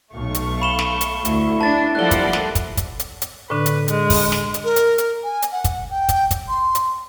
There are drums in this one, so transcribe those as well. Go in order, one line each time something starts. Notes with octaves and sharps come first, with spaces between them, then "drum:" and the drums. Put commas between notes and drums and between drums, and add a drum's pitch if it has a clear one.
B1 A3 F5 C#6
drum: hi-hat
B5 E7 G7
drum: snare
drum: hi-hat
D2 E4, drum: hi-hat
D4 A5 A6
F3 G3 A#3 A4 D5 F#5 F#6 G7
drum: kick, hi-hat
drum: snare
drum: kick, hi-hat
drum: kick, hi-hat
drum: hi-hat
drum: hi-hat
A2 D3 D4 B4
drum: hi-hat
G#3, drum: hi-hat
drum: kick, open hi-hat
drum: snare
drum: hi-hat
A#4
drum: hi-hat
drum: hi-hat
G#5
drum: hi-hat
F#5
drum: kick, hi-hat
G5
drum: kick, hi-hat
drum: kick, hi-hat
C6
drum: hi-hat